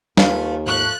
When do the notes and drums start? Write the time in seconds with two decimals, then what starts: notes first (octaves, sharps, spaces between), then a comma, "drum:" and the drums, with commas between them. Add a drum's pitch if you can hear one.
0.17 D#2 A3 C#4 F4 B4 C#5 F5, drum: snare
0.66 G#2 F3 A3 C#6 F#6